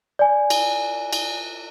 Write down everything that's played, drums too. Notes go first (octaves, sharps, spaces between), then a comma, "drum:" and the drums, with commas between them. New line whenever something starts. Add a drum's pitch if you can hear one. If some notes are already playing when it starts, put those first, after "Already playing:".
D5 G#5
drum: cymbal
drum: cymbal